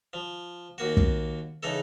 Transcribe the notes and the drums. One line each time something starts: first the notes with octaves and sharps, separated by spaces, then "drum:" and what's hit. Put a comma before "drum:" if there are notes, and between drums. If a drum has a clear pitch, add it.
F3
D#2 A#3 F#4
drum: kick
C#3 E3 D#4 A4